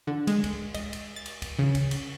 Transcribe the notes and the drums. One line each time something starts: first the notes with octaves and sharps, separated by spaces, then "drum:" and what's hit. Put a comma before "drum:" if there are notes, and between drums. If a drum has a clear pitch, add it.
D3
G#3, drum: cymbal
drum: kick, cymbal
D#5, drum: kick, cymbal
drum: cymbal
A6
drum: cymbal
drum: kick, cymbal
C#3
drum: kick, cymbal
drum: cymbal